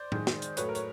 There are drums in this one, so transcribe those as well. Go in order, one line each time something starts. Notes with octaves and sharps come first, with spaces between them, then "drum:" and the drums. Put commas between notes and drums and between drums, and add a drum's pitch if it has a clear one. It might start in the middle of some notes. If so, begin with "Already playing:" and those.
Already playing: C5 D5
D#3 G#3, drum: tom A2
drum: snare
drum: hi-hat
A2 F#3 A3 B4 C#5, drum: hi-hat
A#4
C#5, drum: hi-hat